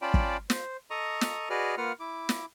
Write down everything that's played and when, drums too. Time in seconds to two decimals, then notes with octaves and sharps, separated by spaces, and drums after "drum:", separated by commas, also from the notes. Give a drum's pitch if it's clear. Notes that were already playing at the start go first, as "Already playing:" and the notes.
0.02 C#4 F4 D5 G5 A5 B5
0.14 drum: kick
0.50 C5, drum: snare
0.91 A4 D#5 A#5 C#6 D#6
1.21 drum: snare
1.50 F#4 G#4 B4 D5 D#5 F6
1.78 A#3 F4 B4 F#5 F6
2.00 E4 D6
2.29 drum: snare